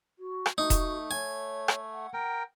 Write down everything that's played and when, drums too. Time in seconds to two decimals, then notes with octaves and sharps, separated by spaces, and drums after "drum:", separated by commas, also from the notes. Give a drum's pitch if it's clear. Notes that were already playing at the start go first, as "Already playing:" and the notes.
0.19 F#4
0.46 drum: rim click
0.58 A3 D#4 F#4
0.70 drum: kick E1, hi-hat
1.11 C#5 G#5
1.68 drum: rim click
1.93 F#5
2.13 A#4 G5